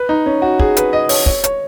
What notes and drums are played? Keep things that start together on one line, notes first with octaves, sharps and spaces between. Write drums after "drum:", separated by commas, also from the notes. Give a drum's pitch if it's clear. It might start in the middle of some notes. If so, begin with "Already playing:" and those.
Already playing: B4
D#4
C#4
F#4
G#4, drum: kick
B4, drum: hi-hat
D#5
C#5, drum: open hi-hat
C#5, drum: kick
C#5, drum: hi-hat